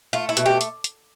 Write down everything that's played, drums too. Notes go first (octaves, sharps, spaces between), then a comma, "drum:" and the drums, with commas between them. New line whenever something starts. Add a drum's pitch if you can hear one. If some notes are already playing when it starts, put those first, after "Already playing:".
A3 F4
E4
B2, drum: hi-hat
G4
drum: hi-hat
drum: hi-hat